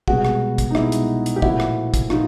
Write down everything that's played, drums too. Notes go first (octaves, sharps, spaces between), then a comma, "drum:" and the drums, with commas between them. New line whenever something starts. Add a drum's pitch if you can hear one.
C2 B2 G#3 B3 F#4 G#4, drum: kick
drum: rim click
drum: kick, hi-hat
D#4
C2 B2 G#3 B3 E4, drum: rim click
drum: hi-hat
drum: hi-hat
G4
A#2 F3 A3 C4 E4 F#4, drum: kick
drum: rim click
drum: kick, hi-hat
A#2 F3 D#4 F4, drum: rim click